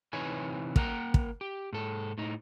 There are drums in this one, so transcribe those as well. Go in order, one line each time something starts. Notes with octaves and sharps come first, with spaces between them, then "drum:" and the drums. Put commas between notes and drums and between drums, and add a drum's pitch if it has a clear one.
C3 E3 D#4 B4 C#5 G#5
A#3 A#4 F#5 G5 A#5, drum: kick
drum: kick
G4
G#2 A4
A2 D#4